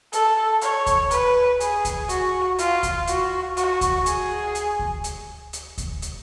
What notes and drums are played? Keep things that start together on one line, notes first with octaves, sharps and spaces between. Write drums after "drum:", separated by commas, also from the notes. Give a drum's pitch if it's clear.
A4, drum: hi-hat
C#5, drum: hi-hat
drum: kick D2, hi-hat
B4, drum: hi-hat
G#4, drum: hi-hat
drum: kick D2, hi-hat
F#4, drum: hi-hat
F4, drum: hi-hat
drum: kick D2, hi-hat
F#4, drum: hi-hat
F#4, drum: hi-hat
drum: kick D2, hi-hat
G#4, drum: hi-hat
drum: hi-hat
drum: kick D2
drum: hi-hat
drum: hi-hat
drum: kick D2, hi-hat
drum: hi-hat